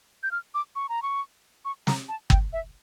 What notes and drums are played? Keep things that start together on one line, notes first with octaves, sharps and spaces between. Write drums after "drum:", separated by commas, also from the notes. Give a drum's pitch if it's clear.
G6
F6
D6
C#6
A#5
C#6
C#6
A#5, drum: snare
A5
G5, drum: kick
E5